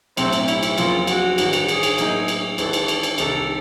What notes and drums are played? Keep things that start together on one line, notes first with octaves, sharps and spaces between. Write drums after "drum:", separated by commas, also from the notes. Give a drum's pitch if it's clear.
B1 A2 F#3 A3 C4, drum: cymbal
drum: cymbal
E4, drum: cymbal
drum: cymbal
F2 C#3 F#3 A#3 F4, drum: cymbal
F#4, drum: cymbal
A1 G2 D#3, drum: cymbal
drum: cymbal
G#4, drum: cymbal
drum: cymbal
A2 F#3 A#3 D#4, drum: cymbal
drum: cymbal
G#1 G#2 E3 A4, drum: cymbal
drum: cymbal
drum: cymbal
drum: cymbal
C2 C3 D#3 A4, drum: cymbal